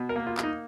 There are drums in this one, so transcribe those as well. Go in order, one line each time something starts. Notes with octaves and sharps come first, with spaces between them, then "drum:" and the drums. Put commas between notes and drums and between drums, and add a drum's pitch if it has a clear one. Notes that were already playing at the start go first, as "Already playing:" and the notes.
Already playing: B2
A#4
A#3
F4
A#3, drum: clap
D#4